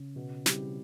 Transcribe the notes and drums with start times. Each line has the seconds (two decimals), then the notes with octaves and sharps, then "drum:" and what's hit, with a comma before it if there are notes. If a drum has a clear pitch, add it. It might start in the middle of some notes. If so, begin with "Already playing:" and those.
Already playing: C#3
0.16 B2
0.46 G3 C4 E4 G4, drum: snare